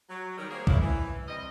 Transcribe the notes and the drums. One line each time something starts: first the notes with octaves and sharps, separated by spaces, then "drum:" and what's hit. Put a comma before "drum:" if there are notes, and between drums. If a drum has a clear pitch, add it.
F#3
D#3 G3 A#4
A#3 G4 G#4 A#4 C5 C#5
A2 D3 F#3 E4 D5 F5, drum: kick B1
E3
G2 C3 G3 D#5